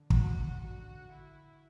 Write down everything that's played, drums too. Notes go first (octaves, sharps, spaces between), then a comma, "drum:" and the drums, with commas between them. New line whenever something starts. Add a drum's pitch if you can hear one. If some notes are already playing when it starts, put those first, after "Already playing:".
Already playing: D3
F#4, drum: kick
D3 F#4
E4